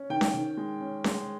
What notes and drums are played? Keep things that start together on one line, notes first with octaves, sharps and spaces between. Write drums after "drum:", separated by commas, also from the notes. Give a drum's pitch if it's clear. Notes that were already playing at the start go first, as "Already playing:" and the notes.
Already playing: C#4
D#3 G5
drum: snare C#4
D#3
G#3
C#4
G#3, drum: snare C#4